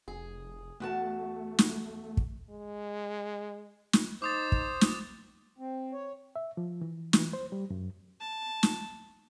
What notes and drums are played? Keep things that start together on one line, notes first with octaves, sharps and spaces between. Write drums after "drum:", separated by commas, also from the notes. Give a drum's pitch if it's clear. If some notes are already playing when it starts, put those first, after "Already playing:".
F1 G#4
E2 A3 F#4 A5
drum: snare
drum: kick
G#3
drum: snare
D#4 C5 D6 D#6 A6
drum: kick
drum: snare
C4
C#5
E5
F3
E3
E3, drum: snare
C5
G3
F#2
A5
drum: snare